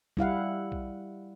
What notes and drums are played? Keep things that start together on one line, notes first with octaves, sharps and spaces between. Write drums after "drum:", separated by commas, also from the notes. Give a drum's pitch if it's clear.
G3 E4 F5 F#5, drum: kick B1
drum: kick B1